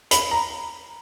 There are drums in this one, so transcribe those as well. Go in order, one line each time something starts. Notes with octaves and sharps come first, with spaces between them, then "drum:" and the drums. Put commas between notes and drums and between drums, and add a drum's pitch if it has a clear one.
B5, drum: hi-hat
A#5